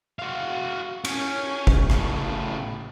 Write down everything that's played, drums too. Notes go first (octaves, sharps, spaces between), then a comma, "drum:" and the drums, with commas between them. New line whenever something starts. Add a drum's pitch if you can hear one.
F#4 F5
C#4, drum: cymbal
drum: kick
A2 C#3, drum: rim click